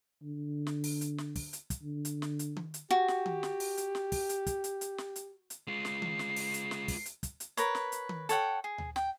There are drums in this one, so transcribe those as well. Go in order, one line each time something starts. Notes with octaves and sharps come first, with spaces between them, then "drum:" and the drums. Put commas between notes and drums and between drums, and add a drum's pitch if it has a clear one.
D3
drum: snare
drum: open hi-hat
drum: hi-hat
drum: snare
drum: kick, open hi-hat
drum: hi-hat
drum: kick, hi-hat
D3
drum: hi-hat
drum: snare
drum: hi-hat
drum: tom D#3
drum: hi-hat
F#4 G4
drum: snare
drum: tom D#3
drum: snare
drum: open hi-hat
drum: hi-hat
drum: snare
drum: kick, open hi-hat
drum: hi-hat
drum: kick, hi-hat
drum: hi-hat
drum: hi-hat
drum: snare
drum: hi-hat
drum: hi-hat
G#3 F4 C7
drum: snare
drum: tom D#3
drum: snare
drum: open hi-hat
drum: hi-hat
drum: snare
drum: kick, open hi-hat
drum: hi-hat
drum: kick, hi-hat
drum: hi-hat
A#4 B4 C#5, drum: hi-hat
drum: snare
drum: hi-hat
drum: tom D#3
A4 C#5 F#5 G5, drum: hi-hat
G#4
drum: tom D2
G5, drum: snare